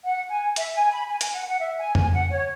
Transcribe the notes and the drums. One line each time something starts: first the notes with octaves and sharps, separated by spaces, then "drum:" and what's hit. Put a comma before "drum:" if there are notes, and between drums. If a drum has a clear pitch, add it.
F#5
G#5
E5, drum: hi-hat
G#5
B5
G#5
G#5, drum: hi-hat
F#5
F#5
E5
G#5
G#5, drum: tom F2
F#5
C#5